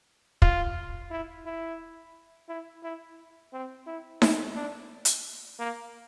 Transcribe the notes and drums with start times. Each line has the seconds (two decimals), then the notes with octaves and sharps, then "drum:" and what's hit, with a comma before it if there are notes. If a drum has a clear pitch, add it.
0.42 F4, drum: kick
1.11 E4
1.46 E4
2.49 E4
2.83 E4
3.53 C4
3.87 E4
4.22 E4, drum: snare D#4
4.56 D4
5.05 drum: hi-hat
5.59 A#3